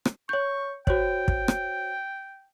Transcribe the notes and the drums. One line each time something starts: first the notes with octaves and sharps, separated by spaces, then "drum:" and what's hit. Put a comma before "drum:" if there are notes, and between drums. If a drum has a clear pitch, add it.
drum: rim click
C#5 C#6 G6
F#4 C5 C#5 G5, drum: kick
drum: kick
drum: rim click